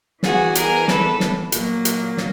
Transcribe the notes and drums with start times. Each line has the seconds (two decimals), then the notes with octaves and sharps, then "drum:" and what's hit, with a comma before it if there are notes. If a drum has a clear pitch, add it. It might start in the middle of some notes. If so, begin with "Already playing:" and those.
0.23 E3 G3 B3 F#4 G#4, drum: snare
0.55 G#4 A#4, drum: hi-hat
0.88 A4 B4, drum: snare
1.20 drum: snare
1.52 A#2 F#3 A#3, drum: hi-hat
1.85 drum: hi-hat
2.17 drum: snare